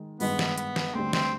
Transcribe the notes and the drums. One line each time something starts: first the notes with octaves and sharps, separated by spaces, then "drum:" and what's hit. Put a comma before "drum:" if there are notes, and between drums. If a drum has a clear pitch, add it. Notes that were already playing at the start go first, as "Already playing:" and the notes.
Already playing: D#3 G#3
G2 D#3 G#3 B3, drum: open hi-hat
drum: snare
B3, drum: hi-hat
drum: snare
D2 D3 G3 C4
C4, drum: snare